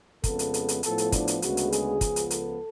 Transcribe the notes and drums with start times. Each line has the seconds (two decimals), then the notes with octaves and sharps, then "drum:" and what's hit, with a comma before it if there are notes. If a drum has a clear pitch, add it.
0.24 F2 C#3 G#3 B3 A4, drum: kick, hi-hat
0.39 drum: hi-hat
0.54 drum: hi-hat
0.68 drum: hi-hat
0.83 A2 F3 B3 A4, drum: hi-hat
0.98 drum: hi-hat
1.12 D4, drum: kick, hi-hat
1.28 drum: hi-hat
1.42 D2 C#3 G#3 B3 F#4, drum: hi-hat
1.57 drum: hi-hat
1.72 G#4, drum: hi-hat
2.01 C#2 C#3 F3 B3, drum: kick, hi-hat
2.16 drum: hi-hat
2.30 A4, drum: hi-hat